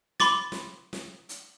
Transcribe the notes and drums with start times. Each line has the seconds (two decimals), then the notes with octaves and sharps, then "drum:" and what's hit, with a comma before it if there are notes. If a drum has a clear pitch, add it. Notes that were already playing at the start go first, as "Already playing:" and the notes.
0.20 B5 C6 D6 A6, drum: snare
0.52 drum: snare
0.93 drum: snare
1.29 drum: hi-hat